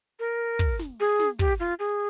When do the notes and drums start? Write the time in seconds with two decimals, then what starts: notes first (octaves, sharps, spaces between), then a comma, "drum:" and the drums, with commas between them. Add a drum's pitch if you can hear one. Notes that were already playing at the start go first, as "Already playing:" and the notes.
0.19 A#4
0.59 drum: kick
0.79 drum: snare
1.00 G#4
1.20 drum: snare
1.39 G4, drum: kick
1.60 F4
1.79 G#4